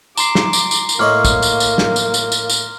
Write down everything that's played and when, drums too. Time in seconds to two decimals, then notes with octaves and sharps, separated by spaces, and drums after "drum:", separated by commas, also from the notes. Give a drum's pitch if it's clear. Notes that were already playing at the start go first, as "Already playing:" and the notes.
0.17 A#5 C6 D6 C7, drum: tambourine
0.35 drum: snare
0.53 drum: tambourine
0.71 drum: tambourine
0.89 drum: tambourine
0.99 A2 A#3 C#5 D#5 C6 D6 F6
1.25 drum: kick, tambourine
1.42 drum: tambourine
1.60 drum: tambourine
1.78 drum: snare
1.96 drum: tambourine
2.14 drum: tambourine
2.32 drum: tambourine
2.50 drum: tambourine